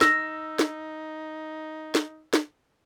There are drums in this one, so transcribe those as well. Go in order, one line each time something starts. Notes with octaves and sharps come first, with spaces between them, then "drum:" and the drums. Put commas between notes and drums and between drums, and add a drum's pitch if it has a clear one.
D#4 E6 A#6, drum: snare
drum: snare
drum: snare
drum: snare